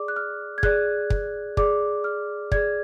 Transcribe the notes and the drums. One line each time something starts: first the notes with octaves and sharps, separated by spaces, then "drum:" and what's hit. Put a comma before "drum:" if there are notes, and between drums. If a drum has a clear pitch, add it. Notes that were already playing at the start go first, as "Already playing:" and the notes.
Already playing: G#4 D5 D6
F#6
F6
G#6
G#4 D5 F#6, drum: kick
drum: kick
G#4 D5 D6, drum: kick
F6
G#4 D5 G#6, drum: kick